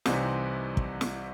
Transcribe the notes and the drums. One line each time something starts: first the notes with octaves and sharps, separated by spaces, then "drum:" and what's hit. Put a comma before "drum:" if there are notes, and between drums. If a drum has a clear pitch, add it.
C2 C3 E3 C4 D#4, drum: snare
drum: kick
drum: snare